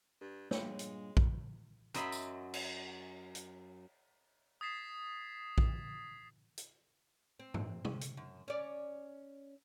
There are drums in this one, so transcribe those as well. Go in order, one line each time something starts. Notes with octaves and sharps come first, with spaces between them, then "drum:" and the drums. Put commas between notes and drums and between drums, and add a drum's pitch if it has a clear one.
G2
G2 A#2 G#3 C#5 G5, drum: snare
drum: hi-hat
drum: kick A#1
F#2 F#3 D#5 E5 B5 C6, drum: hi-hat
drum: tambourine
drum: cymbal
drum: hi-hat
D#6 G#6 A6 B6 C7 E7
drum: kick A#1
drum: hi-hat
C4
drum: tom G2
drum: tom C3
drum: hi-hat
F#2
C#4 D5